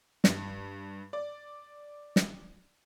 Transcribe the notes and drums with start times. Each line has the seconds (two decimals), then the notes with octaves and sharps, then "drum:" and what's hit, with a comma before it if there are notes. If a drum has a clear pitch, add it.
0.24 G2, drum: snare
1.13 D5
2.16 drum: snare